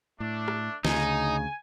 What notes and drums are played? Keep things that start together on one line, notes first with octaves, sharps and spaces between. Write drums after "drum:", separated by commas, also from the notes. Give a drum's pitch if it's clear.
A2 A3 D4
drum: rim click
D2 C#3 D#4 G#5, drum: snare